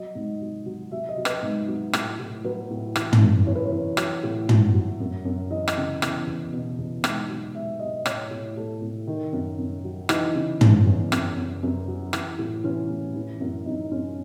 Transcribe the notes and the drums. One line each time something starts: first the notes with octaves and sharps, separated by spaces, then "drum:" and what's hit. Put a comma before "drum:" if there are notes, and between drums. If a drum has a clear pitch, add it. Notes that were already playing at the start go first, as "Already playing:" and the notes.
Already playing: F#3 D#5
G#2
F#3
F#3
F#3 E5
D#5
F#3
B4, drum: rim click
G#2
F#3
A2, drum: rim click
A2
F#3 B4
A2
E3, drum: rim click
drum: tom
F#2
E3 C#5
B4
C#5
E3
F#3, drum: rim click
A2
F#3, drum: tom
F#3
F#2
F#2
E3 D#5
drum: rim click
C#3
E2, drum: rim click
E2
B2
E2
G#2, drum: rim click
F#3
G#2 E5
F#3 D#5
A2 C#5, drum: rim click
A2
A2 A4
A2
D#3
F#2
F#2
F#3
E3 D#4, drum: rim click
C#3
E3 C#4, drum: tom
E2
F#2, drum: rim click
F#2
F#2
F#3
E3, drum: rim click
A2
E3 C#4
A2
E3
F#2
F#2 D#4
F#2 C#4